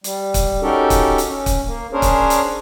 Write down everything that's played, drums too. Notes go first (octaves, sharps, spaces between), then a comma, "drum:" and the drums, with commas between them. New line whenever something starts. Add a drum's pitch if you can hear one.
G3, drum: hi-hat
drum: kick, hi-hat
C#4 D#4 F#4 G4 A4 A#4
drum: kick, hi-hat
drum: hi-hat
C#4
drum: kick, hi-hat
A#3
C#4 D4 G#4 A#4 C5 C#5
drum: kick, hi-hat
drum: hi-hat